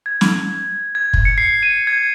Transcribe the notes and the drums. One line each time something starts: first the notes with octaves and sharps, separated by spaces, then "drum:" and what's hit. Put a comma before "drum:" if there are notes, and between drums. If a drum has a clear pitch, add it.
G#6
drum: snare
G#6
drum: kick
C#7
C7
D#7
G#6